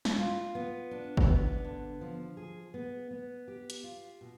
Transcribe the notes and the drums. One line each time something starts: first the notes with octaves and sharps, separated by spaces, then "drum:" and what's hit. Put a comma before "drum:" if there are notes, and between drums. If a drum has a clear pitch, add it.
drum: snare
F4
B3
D4
drum: kick
B3
D3
F3
G#4
B3
B3
G4
drum: hi-hat
F4
B2